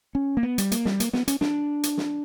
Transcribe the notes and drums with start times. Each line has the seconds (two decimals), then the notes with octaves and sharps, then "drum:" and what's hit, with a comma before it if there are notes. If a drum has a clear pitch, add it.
0.15 C#4
0.37 A#3
0.43 B3
0.58 G3, drum: hi-hat
0.72 A#3, drum: hi-hat
0.86 G3, drum: snare
1.00 A#3, drum: hi-hat
1.13 B3, drum: snare
1.28 C#4, drum: hi-hat
1.41 D4, drum: snare
1.83 drum: hi-hat
1.97 drum: snare